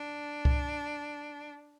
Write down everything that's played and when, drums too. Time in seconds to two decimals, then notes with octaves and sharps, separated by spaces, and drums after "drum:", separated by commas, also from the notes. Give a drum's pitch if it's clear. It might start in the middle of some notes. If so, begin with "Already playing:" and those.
Already playing: D4
0.45 drum: kick C2